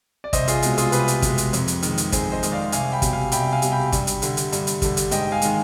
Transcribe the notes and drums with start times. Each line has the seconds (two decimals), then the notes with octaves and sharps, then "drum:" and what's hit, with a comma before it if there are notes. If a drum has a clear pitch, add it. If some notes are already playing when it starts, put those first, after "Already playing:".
0.24 D5
0.33 C2 C5 D#5, drum: kick, hi-hat
0.48 F4 G#4, drum: hi-hat
0.62 B2 G#3, drum: hi-hat
0.78 F4 G#4, drum: hi-hat
0.92 C2 G4 B4, drum: hi-hat
1.08 drum: hi-hat
1.22 B2 G#3, drum: kick, hi-hat
1.38 drum: hi-hat
1.53 F2, drum: hi-hat
1.68 drum: hi-hat
1.82 D#3 G#3, drum: hi-hat
1.98 drum: hi-hat
2.12 F2 G#4 C5, drum: kick, hi-hat
2.32 C5 D#5
2.43 D#3 G#3, drum: hi-hat
2.52 D5 F5
2.72 C2 F5 G#5, drum: hi-hat
2.92 G5 B5
3.02 B2 G3, drum: kick, hi-hat
3.13 F5 G#5
3.32 C2 G5 B5, drum: hi-hat
3.52 F5 G#5
3.62 B2 G3, drum: hi-hat
3.72 G5 B5
3.92 G2, drum: kick, hi-hat
4.07 drum: hi-hat
4.22 D3 G3, drum: hi-hat
4.37 drum: hi-hat
4.52 G2, drum: hi-hat
4.67 drum: hi-hat
4.82 D3 G3, drum: kick, hi-hat
4.97 drum: hi-hat
5.11 G#2 D#5 G5, drum: hi-hat
5.32 F5 G#5
5.42 D#3 G#3, drum: hi-hat